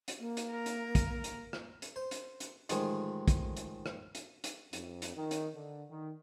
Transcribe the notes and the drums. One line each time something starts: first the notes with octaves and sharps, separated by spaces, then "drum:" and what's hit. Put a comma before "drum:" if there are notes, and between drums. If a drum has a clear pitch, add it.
drum: hi-hat
A#3
drum: hi-hat
A#4
drum: hi-hat
drum: kick, hi-hat
drum: hi-hat
drum: rim click
drum: hi-hat
C5
drum: hi-hat
drum: hi-hat
A1 D#3 F3 G#3 D#6, drum: hi-hat
drum: kick, hi-hat
drum: hi-hat
drum: rim click
drum: hi-hat
drum: hi-hat
F2, drum: hi-hat
drum: hi-hat
D#3
drum: hi-hat
D3
D#3